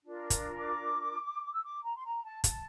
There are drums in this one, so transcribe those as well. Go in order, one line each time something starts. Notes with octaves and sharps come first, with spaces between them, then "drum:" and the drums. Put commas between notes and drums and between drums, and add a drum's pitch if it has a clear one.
D4 F4 A#4
drum: kick, hi-hat
D6
E6
D6
A#5
C6
A#5
A5
A5, drum: kick, hi-hat